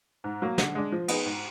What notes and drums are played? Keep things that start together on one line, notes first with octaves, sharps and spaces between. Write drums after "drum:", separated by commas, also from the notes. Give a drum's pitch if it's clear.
G#2
F#3 A#3
D3, drum: snare
G#3 D4
F3
B3 D#4 G#4, drum: cymbal
G#2